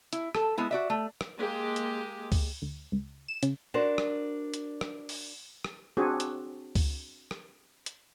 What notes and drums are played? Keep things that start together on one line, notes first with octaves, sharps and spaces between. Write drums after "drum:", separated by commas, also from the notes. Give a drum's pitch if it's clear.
E4, drum: hi-hat
A4, drum: rim click
G#3 B3 E4
F#4 D5 E5
A3
drum: rim click
G#3 A#3 G4
drum: hi-hat
drum: kick C#2, open hi-hat
D2
C#2
E7
C#3, drum: hi-hat
D4 F#4 A#4 C5
drum: rim click
drum: hi-hat
drum: rim click
drum: open hi-hat
drum: rim click
C4 D4 F#4 G#4
drum: hi-hat
drum: kick C#2, open hi-hat
drum: rim click
drum: hi-hat